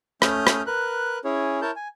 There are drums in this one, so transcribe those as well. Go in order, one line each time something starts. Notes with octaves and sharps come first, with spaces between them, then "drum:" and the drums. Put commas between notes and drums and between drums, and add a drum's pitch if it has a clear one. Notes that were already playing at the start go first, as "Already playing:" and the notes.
A3 C#4 D#6 F6 G6, drum: rim click
drum: rim click
A#4 B4 F#6
C#4 E4 G#4 C#5
E4 A#4 C#5 A5 G6
G#5